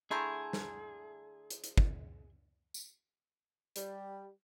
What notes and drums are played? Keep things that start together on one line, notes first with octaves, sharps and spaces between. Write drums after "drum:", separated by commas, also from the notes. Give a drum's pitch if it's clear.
D3 A3 E4 G#4 A#5 C6 G6
drum: snare
drum: hi-hat
drum: hi-hat
drum: kick
drum: tambourine
G3, drum: hi-hat